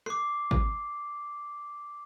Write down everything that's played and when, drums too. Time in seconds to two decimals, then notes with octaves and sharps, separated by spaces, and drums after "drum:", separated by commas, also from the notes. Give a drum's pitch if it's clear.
0.06 D6 C7, drum: rim click
0.51 drum: kick G#1